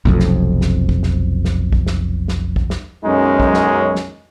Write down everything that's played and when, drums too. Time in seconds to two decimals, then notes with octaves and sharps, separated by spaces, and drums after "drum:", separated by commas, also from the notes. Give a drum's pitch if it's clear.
0.05 F1 B1 F2, drum: kick
0.19 drum: snare
0.61 drum: snare
0.89 drum: kick
1.03 drum: snare
1.45 drum: snare
1.73 drum: kick
1.86 drum: snare
2.28 drum: snare
2.56 drum: kick
2.70 drum: snare
3.04 B1 F#2 G#3 C#4 D#4
3.40 drum: kick
3.54 drum: snare
3.95 drum: snare